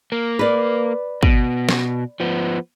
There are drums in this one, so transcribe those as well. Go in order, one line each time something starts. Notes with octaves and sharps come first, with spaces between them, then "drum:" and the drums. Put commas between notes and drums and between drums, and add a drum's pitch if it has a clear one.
A#3
B4 D5
B2, drum: kick
drum: snare
F3 B3